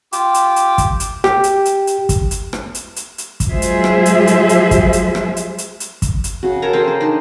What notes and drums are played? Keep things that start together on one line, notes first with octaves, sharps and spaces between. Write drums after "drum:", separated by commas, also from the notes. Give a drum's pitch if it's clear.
F4 G4 G5 D6, drum: hi-hat
drum: hi-hat
drum: hi-hat
drum: kick, hi-hat
drum: hi-hat
G4, drum: rim click
drum: hi-hat
drum: hi-hat
drum: hi-hat
drum: kick, hi-hat
drum: hi-hat
drum: rim click
drum: hi-hat
drum: hi-hat
drum: hi-hat
drum: kick, hi-hat
F#3 G#3 F4 G#4 C5 E5
drum: hi-hat
drum: rim click
drum: hi-hat
drum: hi-hat
drum: hi-hat
drum: kick, hi-hat
drum: hi-hat
drum: rim click
drum: hi-hat
drum: hi-hat
drum: hi-hat
drum: kick, hi-hat
drum: hi-hat
C#3 F#4
A4 A#4 C#5 A#5
C#3 C5 G5 D6
C5
D4 D#4